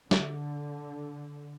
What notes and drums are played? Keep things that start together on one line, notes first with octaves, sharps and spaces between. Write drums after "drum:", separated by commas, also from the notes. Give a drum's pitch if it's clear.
D3, drum: snare